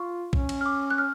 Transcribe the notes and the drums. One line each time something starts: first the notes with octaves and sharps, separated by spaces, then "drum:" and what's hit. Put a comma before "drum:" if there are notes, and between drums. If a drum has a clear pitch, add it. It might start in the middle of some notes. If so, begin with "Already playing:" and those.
Already playing: F4 C#6
C#4, drum: kick A#1
drum: cymbal
F6
D6
F#6
F6